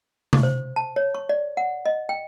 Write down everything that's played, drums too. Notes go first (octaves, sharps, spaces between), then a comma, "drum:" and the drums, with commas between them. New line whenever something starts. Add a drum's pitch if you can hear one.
drum: tom C3
C5
A5
C#5
C#6
D5
F#5
D#5
G5